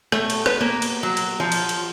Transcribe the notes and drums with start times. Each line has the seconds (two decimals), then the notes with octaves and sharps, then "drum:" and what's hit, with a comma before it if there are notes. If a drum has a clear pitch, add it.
0.12 A3, drum: rim click
0.30 drum: cymbal
0.46 B4, drum: rim click
0.61 A#3
0.82 drum: cymbal
1.03 F#3
1.17 drum: cymbal
1.40 F3
1.52 drum: cymbal
1.69 drum: cymbal